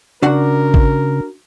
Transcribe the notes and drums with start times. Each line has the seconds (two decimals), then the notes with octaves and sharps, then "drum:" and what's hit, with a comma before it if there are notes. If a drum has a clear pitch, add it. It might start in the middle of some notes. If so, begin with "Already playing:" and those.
0.22 C#3 D4 F#4 A#4 F#5
0.74 drum: kick A1